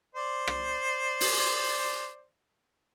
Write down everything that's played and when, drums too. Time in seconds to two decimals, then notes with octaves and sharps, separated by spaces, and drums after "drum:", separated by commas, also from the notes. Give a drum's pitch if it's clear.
0.15 C5 D5
0.47 drum: rim click
1.21 drum: open hi-hat